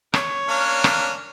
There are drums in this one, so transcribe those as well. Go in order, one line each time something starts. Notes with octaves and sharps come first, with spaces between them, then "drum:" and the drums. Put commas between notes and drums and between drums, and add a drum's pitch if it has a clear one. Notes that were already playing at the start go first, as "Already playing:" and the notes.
C#5, drum: rim click
A#3 C#4 D4
drum: rim click